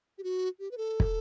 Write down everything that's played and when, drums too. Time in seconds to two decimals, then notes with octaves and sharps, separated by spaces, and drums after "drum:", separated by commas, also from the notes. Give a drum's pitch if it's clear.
0.18 G4
0.24 F#4
0.60 G4
0.71 B4
0.78 A4
1.00 drum: kick